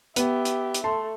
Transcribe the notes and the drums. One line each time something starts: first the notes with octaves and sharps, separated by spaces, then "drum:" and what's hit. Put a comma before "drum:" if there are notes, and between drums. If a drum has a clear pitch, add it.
B3 G4 E5, drum: hi-hat
drum: hi-hat
drum: hi-hat
A3 A5 C6